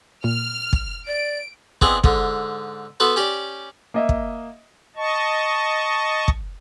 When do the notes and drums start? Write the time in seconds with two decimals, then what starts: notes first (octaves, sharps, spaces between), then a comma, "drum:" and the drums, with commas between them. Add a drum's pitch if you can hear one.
0.24 A#2 F6
0.73 drum: kick
1.07 D5 D7
1.81 B3 C4 D4 E4 G#4 D#5, drum: kick
2.04 G#2 D3, drum: kick
3.00 B3 F#4 A4 B4 C5
3.16 C#4 G4 D5
3.94 A#3 D#5 E5
4.09 drum: kick
4.96 D#5 A5 C#6
6.28 drum: kick